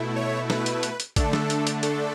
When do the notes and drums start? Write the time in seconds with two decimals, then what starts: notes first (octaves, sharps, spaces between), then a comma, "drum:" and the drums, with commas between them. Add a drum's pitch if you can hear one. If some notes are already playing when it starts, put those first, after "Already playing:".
Already playing: B2 A3 E4
0.16 C#5
0.50 B4, drum: snare
0.66 drum: hi-hat
0.83 drum: hi-hat
1.00 drum: hi-hat
1.16 D3 A3 D4 A4, drum: kick, hi-hat
1.33 drum: snare
1.50 drum: hi-hat
1.67 drum: hi-hat
1.83 A4, drum: hi-hat